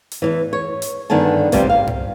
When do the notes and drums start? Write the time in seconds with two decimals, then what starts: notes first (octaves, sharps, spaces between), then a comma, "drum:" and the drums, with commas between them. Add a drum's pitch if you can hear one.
0.12 drum: hi-hat
0.22 E2 G2 E3
0.53 C#5
0.82 drum: hi-hat
1.10 G2 D3 D#3 B3 G#5 A5
1.52 G2 C3 G3 C4 F4 G4, drum: kick A1, hi-hat
1.69 F5
1.87 drum: tom G2